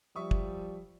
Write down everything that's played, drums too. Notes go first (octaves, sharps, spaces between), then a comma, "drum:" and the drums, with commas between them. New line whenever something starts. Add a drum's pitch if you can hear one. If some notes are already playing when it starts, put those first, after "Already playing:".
F3 G3 E5 C#6 D#6
drum: kick